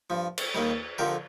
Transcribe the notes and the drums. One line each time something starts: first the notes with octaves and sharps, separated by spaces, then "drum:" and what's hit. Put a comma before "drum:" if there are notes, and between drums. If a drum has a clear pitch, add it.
G2 F3
drum: cymbal
D#2 D#3 G3
F2 D3 F3 G4 A#4